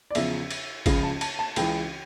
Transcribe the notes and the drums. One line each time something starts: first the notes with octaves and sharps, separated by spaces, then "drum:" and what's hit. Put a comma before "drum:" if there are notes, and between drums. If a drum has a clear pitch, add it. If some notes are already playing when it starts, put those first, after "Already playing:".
D5
E2 C#3 F3 E5, drum: cymbal
drum: cymbal
C#2 C#3 F3 F5, drum: kick G#1, cymbal
A5
A5, drum: cymbal
A5
C#2 C#3 E3 G5, drum: cymbal